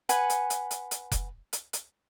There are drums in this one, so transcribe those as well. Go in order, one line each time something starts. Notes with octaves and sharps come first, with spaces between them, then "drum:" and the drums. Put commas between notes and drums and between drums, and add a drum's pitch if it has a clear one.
B4 F#5 G#5, drum: hi-hat
drum: hi-hat
drum: hi-hat
drum: hi-hat
drum: hi-hat
drum: kick F1, hi-hat
drum: hi-hat
drum: hi-hat